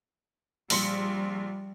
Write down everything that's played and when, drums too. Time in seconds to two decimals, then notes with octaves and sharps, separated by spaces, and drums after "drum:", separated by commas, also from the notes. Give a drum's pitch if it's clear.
0.70 A#1 G3 C6 C#7, drum: open hi-hat